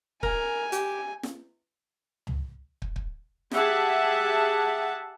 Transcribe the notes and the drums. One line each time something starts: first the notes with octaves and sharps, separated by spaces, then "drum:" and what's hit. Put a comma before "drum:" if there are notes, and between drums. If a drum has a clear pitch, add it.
A#4 G#5, drum: kick
G4, drum: hi-hat
drum: snare
drum: tom C#2
drum: kick
drum: kick
G4 G#4 E5 F#5 A5, drum: snare